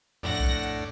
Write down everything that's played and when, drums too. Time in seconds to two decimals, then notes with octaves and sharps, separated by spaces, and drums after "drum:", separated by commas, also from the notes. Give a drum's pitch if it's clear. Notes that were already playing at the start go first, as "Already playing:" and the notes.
0.23 F2 A2 D4 F#5 A#6
0.40 drum: kick A#1